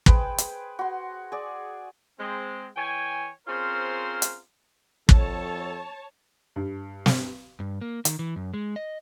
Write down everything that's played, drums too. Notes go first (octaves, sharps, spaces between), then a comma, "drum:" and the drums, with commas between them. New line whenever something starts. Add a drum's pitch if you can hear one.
G#4 B4 C5 G5, drum: kick
drum: hi-hat
F#4 C6
G#4 D5
G#3 C4
E3 C#5 G5 G#5
C4 C#4 F4 G#4 A#4 C5
drum: hi-hat
F2 A4 C#5 A5, drum: kick
G2
drum: snare
G2
A#3
D#3, drum: hi-hat
E3
F#2
G#3
D#5